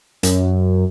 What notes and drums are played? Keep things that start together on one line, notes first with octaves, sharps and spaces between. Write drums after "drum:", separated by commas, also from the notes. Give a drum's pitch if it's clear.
F#2, drum: hi-hat